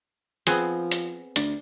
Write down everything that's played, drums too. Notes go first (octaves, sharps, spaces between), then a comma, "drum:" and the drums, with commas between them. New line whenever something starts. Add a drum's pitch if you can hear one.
F3 B3 C4 G#4, drum: hi-hat
drum: hi-hat
D2 D5, drum: hi-hat